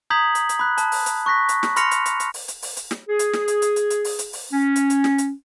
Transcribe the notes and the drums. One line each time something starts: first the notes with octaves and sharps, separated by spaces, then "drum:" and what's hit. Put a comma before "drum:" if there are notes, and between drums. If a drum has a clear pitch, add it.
A#5 D#6 G6 G#6 B6 F#7
drum: hi-hat
drum: hi-hat
B5 F#6
A5, drum: hi-hat
drum: open hi-hat
drum: hi-hat
C#6 F#6 A#6 B6
drum: hi-hat
drum: snare
B5 C6 F6 A#6 C#7 F7, drum: hi-hat
drum: hi-hat
drum: hi-hat
drum: hi-hat
drum: open hi-hat
drum: hi-hat
drum: open hi-hat
drum: hi-hat
drum: snare
G#4
drum: hi-hat
drum: snare
drum: hi-hat
drum: hi-hat
drum: hi-hat
drum: hi-hat
drum: open hi-hat
drum: hi-hat
drum: open hi-hat
C#4
drum: hi-hat
drum: hi-hat
drum: snare
drum: hi-hat